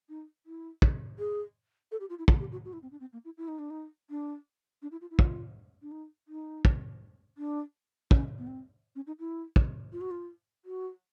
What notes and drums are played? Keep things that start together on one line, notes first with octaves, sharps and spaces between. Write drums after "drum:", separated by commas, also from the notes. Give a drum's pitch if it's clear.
D#4
E4
drum: kick
G#4
A4
G4
F4
E4
F4, drum: kick
G4
F#4
F#4
E4
C4
D4
C4
A#3
E4
E4
D#4
D4
D#4
D4
D4
E4
F4
E4
F4, drum: kick
D4
D#4
D#4
drum: kick
D4
C#4, drum: kick
B3
C4
C#4
D#4
E4
drum: kick
F4
F#4
F4
F#4